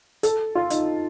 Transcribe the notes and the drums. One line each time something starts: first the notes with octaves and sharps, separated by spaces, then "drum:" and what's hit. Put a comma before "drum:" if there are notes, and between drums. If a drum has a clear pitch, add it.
A4, drum: hi-hat
F4
D#4, drum: hi-hat